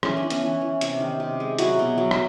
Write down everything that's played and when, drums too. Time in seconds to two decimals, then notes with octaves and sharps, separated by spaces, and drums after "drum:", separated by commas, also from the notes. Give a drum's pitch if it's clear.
0.03 E3 C#4, drum: rim click
0.17 D4
0.23 E3
0.30 B3 C#4, drum: hi-hat
0.42 E3
0.61 E3
0.81 C3, drum: hi-hat
1.00 D#3
1.20 C3
1.40 G#3
1.59 F#3 E4 F#4, drum: hi-hat
1.79 B2
1.98 F#3
2.11 drum: rim click